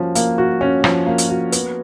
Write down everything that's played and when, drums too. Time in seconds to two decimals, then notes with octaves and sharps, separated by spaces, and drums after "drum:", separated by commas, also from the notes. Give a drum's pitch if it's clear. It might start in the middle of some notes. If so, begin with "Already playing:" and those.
Already playing: F3 A#3 C#4 F#4
0.15 A#3, drum: hi-hat
0.38 F#4
0.61 C#4
0.84 F3, drum: rim click
1.07 A#3
1.18 drum: hi-hat
1.29 F#4
1.52 B3, drum: hi-hat